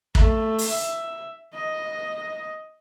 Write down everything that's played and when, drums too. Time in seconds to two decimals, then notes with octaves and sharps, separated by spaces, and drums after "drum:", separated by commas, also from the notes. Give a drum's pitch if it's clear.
0.15 A3, drum: kick
0.58 drum: open hi-hat
0.68 E5
1.54 D#5